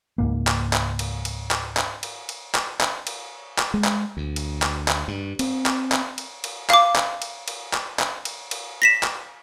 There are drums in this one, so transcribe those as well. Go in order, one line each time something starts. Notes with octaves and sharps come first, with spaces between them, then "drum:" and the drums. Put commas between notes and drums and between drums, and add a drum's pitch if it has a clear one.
C#2 G#2 A#3
drum: clap
drum: clap
drum: cymbal
drum: cymbal
drum: clap
drum: clap
drum: cymbal
drum: cymbal
drum: clap
drum: clap
drum: cymbal
drum: clap
G#3
drum: clap
D2
drum: cymbal
drum: clap
drum: clap
G2
C4, drum: cymbal
drum: clap
drum: clap
drum: cymbal
drum: cymbal
F5 D6, drum: clap
drum: clap
drum: cymbal
drum: cymbal
drum: clap
drum: clap
drum: cymbal
drum: cymbal
A#6 B6 E7
drum: clap